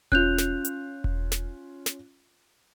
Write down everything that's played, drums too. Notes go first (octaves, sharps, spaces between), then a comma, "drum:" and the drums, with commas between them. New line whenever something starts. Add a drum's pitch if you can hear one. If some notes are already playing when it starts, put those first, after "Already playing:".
C#4 F4 F#6 G6 F7, drum: kick E1
drum: snare
drum: hi-hat
drum: kick E1
drum: snare
drum: snare